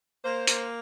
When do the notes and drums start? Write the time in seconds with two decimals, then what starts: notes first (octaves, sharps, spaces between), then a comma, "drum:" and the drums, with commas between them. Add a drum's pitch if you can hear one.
0.24 A#3 C5
0.47 A#3, drum: hi-hat